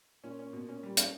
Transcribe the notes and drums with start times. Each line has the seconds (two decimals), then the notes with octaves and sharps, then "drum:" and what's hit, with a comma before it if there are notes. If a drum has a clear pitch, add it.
0.24 A#2 C#4
0.39 C#4
0.53 B2
0.69 C#4
0.83 G3
0.97 C#4, drum: hi-hat